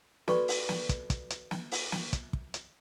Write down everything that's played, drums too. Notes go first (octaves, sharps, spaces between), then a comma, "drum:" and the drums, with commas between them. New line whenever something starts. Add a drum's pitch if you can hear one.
F#4 A4 B4 D5 B5 C#6, drum: snare
drum: open hi-hat
drum: snare
drum: kick, hi-hat
drum: kick, hi-hat
drum: hi-hat
drum: snare
drum: open hi-hat
drum: snare
drum: kick, hi-hat
drum: kick
drum: hi-hat